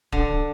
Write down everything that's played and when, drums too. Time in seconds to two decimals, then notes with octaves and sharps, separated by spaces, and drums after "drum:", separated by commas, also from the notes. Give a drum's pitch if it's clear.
0.12 D3, drum: kick D1